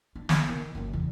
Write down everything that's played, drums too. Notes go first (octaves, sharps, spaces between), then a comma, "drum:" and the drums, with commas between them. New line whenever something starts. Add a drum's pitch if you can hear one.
D4
B3, drum: snare
D#3
F#1 F#2
E2 C#3